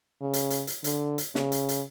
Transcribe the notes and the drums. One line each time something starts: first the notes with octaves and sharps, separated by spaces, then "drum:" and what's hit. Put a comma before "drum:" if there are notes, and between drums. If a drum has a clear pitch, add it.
C#3
drum: hi-hat
drum: hi-hat
drum: hi-hat
D3, drum: hi-hat
drum: hi-hat
C#3, drum: snare
drum: hi-hat
drum: hi-hat